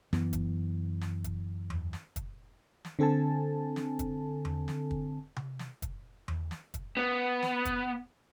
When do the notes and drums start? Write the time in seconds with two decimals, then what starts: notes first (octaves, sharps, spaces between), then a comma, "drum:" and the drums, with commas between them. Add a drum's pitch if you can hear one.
0.13 F#2 E3 B3, drum: snare
0.33 drum: kick, hi-hat
1.01 drum: snare
1.24 drum: kick, hi-hat
1.70 drum: tom E2
1.93 drum: snare
2.16 drum: kick, hi-hat
2.85 drum: snare
2.99 D3 C4 A4 G#5 A5
3.76 drum: snare
3.99 drum: kick, hi-hat
4.45 drum: tom E2
4.68 drum: snare
4.91 drum: kick
5.36 drum: tom C3
5.59 drum: snare
5.82 drum: kick, hi-hat
6.28 drum: tom E2
6.51 drum: snare
6.74 drum: kick, hi-hat
6.97 B3
7.42 drum: snare
7.65 drum: kick, hi-hat